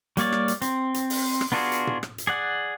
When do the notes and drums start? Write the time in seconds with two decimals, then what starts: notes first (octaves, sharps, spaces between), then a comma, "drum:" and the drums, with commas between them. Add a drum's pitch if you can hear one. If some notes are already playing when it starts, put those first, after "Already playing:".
0.17 G3 A#3 C#5 D5, drum: hi-hat
0.32 drum: rim click
0.48 drum: hi-hat
0.62 C4, drum: hi-hat
0.94 drum: hi-hat
1.10 drum: open hi-hat
1.41 drum: rim click
1.52 B3 D4 F4 F#4 G#4
1.72 drum: hi-hat
1.87 drum: tom
2.03 drum: rim click
2.18 drum: hi-hat
2.27 G#4 D5 F#5